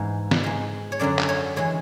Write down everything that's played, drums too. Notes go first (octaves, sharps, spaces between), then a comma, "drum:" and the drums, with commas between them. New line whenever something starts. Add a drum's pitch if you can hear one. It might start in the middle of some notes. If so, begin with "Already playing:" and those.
Already playing: G#2 E3 G#3
drum: snare
G#2 G#3
C#5
F#2 D3 F#3 D5
drum: clap
C#5
E3 G#3 C#5